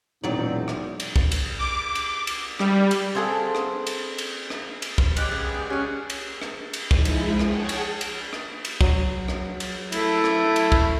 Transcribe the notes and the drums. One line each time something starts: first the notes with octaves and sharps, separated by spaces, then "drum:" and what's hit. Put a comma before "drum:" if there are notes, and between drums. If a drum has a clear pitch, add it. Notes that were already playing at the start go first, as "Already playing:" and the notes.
E1 A#2 F#3 C4 D#4 D5
drum: rim click
drum: cymbal
drum: kick
drum: cymbal
D6
drum: cymbal
drum: cymbal
G3, drum: rim click
drum: cymbal
C4 F4 G#4 A4 F#5
drum: rim click
drum: cymbal
drum: cymbal
drum: rim click
drum: cymbal
drum: kick
G#3 G4 C#5 D6 F6 F#6, drum: cymbal
C#3 B3 G4 G#4
D5
C#4 G4 F5 F#6 G#6
drum: cymbal
drum: rim click
drum: cymbal
F3 G#3 D#4 E4 G#4, drum: kick
drum: cymbal
G#4 C#5 F#5 G5 A5, drum: rim click
drum: cymbal
drum: cymbal
drum: rim click
drum: cymbal
F#3, drum: kick
drum: rim click
drum: cymbal
A3 E4, drum: cymbal
drum: rim click
drum: cymbal
drum: kick